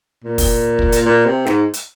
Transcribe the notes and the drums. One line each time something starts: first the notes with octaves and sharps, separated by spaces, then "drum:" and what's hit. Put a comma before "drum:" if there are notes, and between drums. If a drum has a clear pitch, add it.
A#2
drum: kick, open hi-hat
drum: kick
drum: hi-hat
A#2
C3
G#2, drum: snare
drum: hi-hat